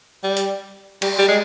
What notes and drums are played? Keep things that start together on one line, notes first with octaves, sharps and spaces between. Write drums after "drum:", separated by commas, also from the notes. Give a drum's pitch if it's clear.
G3
drum: hi-hat
G3, drum: cymbal
G3
G#3